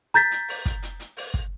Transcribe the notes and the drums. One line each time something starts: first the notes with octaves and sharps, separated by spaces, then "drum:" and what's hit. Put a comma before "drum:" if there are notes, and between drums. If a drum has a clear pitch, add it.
A#5 G6 A6 B6, drum: hi-hat
drum: hi-hat
drum: open hi-hat
drum: kick, hi-hat
drum: hi-hat
drum: hi-hat
drum: open hi-hat
drum: kick